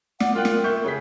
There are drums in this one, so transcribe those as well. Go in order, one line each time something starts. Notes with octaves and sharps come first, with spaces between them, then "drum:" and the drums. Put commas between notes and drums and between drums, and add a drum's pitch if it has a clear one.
D5 F#5, drum: snare
F4 A#4 G5 F#6
drum: snare
E5 C#6 G6
C#3 G#4 A#4 B6